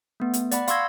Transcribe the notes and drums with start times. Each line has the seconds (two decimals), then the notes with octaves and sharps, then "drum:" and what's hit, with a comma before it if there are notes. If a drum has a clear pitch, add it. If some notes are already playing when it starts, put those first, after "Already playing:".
0.20 A3 B3
0.34 drum: hi-hat
0.51 D5 F#5 B5, drum: hi-hat
0.68 F5 C6 C#6 E6 G#6 A#6, drum: hi-hat